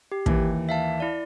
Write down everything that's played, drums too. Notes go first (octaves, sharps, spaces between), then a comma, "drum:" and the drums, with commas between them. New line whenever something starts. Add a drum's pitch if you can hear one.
G4
D#2 E3, drum: kick
E5 F5 A5
E4 D5